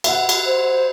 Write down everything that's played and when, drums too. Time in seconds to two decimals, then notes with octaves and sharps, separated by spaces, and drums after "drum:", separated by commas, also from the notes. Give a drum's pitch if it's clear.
0.04 E5 F#5, drum: cymbal
0.29 drum: cymbal
0.46 C5